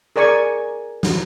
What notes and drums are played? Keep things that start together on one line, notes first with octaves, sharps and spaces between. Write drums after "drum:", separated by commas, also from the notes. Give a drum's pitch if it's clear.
G#4 A#4 D5 G#5 C#6
drum: snare